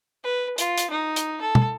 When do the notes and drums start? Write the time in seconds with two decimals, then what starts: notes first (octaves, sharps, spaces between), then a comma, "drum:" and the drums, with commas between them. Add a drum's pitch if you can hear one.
0.24 B4
0.58 F4, drum: hi-hat
0.78 drum: hi-hat
0.90 D#4
1.16 drum: hi-hat
1.41 A4
1.55 drum: tom